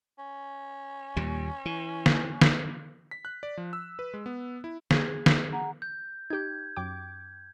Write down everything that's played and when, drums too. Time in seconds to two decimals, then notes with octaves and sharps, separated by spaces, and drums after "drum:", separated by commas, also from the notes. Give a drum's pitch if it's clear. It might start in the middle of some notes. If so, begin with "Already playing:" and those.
0.18 C#4
1.16 D#2 A#2 G3
1.66 E3
2.06 drum: snare
2.42 drum: snare
3.11 B6
3.25 F#6
3.43 D5
3.57 F3
3.73 E6
3.99 B4
4.14 G#3
4.26 B3
4.64 E4
4.91 G#4, drum: snare
5.26 drum: snare
5.53 F#5 A#5
5.82 G6
6.30 D#4 G4 G6 G#6
6.76 F#2 G5 D6